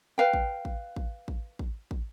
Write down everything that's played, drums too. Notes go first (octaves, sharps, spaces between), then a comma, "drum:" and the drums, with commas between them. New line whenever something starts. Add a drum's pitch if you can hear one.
B4 F5 G5
drum: kick
drum: kick
drum: kick
drum: kick
drum: kick
drum: kick